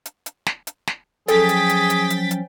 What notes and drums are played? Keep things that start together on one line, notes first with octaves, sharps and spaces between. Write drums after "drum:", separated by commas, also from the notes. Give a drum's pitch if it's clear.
drum: hi-hat
drum: hi-hat
drum: snare
drum: hi-hat
drum: snare
F3 F#3 C#4 G#4 A4 G5 A6 B6, drum: hi-hat
drum: hi-hat
drum: hi-hat
drum: hi-hat
drum: hi-hat
drum: hi-hat